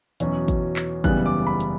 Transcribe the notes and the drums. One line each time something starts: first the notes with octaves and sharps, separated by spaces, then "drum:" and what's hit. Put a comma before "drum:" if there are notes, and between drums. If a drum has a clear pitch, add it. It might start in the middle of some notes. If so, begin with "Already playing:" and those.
E2 B2 F#3 C#4, drum: hi-hat
drum: kick, hi-hat
drum: clap
F#1 E2 C#3 G3 B3 F#6, drum: kick, hi-hat
D6
B5
drum: hi-hat